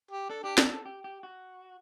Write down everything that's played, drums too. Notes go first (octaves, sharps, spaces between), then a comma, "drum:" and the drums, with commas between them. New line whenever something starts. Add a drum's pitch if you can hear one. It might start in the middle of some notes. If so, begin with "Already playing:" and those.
G4
D4 A4
D4 G4
A4, drum: snare
A4
G4
G4
F#4